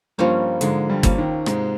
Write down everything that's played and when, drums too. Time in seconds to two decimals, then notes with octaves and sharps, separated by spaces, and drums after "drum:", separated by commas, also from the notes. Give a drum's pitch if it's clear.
0.18 G2 F3 G3 A#3 C#4
0.61 G#2 D3 G#3, drum: hi-hat
0.89 G2 G3
1.03 F3 A#3 C#4, drum: kick, hi-hat
1.18 D#2 D#3
1.46 G#2 C3 G#3, drum: rim click